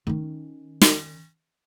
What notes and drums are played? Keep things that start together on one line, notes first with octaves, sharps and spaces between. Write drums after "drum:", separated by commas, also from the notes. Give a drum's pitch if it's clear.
D#3 C#4
drum: snare